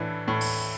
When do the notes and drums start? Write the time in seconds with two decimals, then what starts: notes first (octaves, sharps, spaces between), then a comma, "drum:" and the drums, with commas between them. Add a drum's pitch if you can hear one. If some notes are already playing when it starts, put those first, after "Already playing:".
Already playing: A2 E3 D4 E4
0.28 A2
0.41 drum: open hi-hat